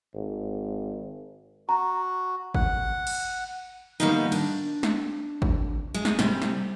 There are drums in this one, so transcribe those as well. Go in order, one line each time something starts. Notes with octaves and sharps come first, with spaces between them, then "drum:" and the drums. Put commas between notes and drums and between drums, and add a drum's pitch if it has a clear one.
G#1
F#4 A#5
F#5, drum: kick G#1
drum: cymbal
D#3 F#3 G3 A#3 B3 D#4
D4, drum: cymbal
drum: snare
drum: kick G#1
G#3
drum: snare
C3 G3, drum: snare
drum: snare